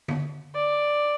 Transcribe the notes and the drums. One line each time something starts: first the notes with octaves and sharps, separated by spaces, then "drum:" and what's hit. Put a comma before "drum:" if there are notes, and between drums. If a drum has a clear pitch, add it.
drum: tom D3
D5